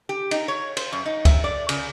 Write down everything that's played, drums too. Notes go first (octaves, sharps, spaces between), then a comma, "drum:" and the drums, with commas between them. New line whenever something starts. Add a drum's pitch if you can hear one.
G4
D#4, drum: cymbal
C#5
C5, drum: cymbal
F#2
D#4
E5, drum: kick C#2, cymbal
D5
C#3, drum: cymbal